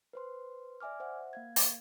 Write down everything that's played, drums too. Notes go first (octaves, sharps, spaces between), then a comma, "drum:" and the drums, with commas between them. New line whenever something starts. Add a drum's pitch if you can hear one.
B4 C5 C6
D5 E5 G#5 D6 F6
C5 E5 F#5
A#3 F5 G#6
drum: open hi-hat